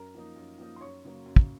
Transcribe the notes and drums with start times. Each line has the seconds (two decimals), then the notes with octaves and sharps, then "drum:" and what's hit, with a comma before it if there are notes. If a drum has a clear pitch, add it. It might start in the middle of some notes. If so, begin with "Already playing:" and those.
Already playing: F#2 A#4 A#5
0.14 F3 A#3 D#4
0.36 F#2
0.58 F3 A#3 D#4
0.76 C6
0.81 F#2 C#5 C#6
1.04 C#3 F#3 A#3
1.26 F#2
1.36 drum: kick